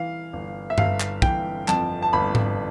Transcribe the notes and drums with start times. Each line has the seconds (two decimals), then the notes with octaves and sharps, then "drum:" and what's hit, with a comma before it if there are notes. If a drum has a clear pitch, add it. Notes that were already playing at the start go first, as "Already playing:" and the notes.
Already playing: E3 F5
0.33 G1
0.70 E5
0.78 G1 F5, drum: tom G2
1.00 drum: clap
1.22 E3 G5, drum: kick
1.68 F2 A5, drum: clap
2.03 A5
2.13 G1 B5
2.35 drum: tom G#2